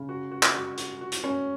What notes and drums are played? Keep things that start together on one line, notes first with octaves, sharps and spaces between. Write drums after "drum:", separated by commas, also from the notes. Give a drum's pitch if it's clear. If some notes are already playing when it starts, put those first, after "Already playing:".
Already playing: C#3
F#4
F#4
drum: clap
F#4
F#4, drum: hi-hat
F#4
drum: hi-hat
C#4